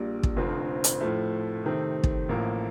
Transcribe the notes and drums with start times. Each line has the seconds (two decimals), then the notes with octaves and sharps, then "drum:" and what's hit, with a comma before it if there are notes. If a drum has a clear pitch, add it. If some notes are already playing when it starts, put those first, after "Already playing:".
Already playing: A#1 A#2 G3
0.23 drum: kick
0.36 F1 F2 D3 F3 C4
0.84 drum: hi-hat
1.01 A2 F3 A3
1.65 C3 D#3 A3 C4
2.04 drum: kick
2.29 A1 A2 F3 A#3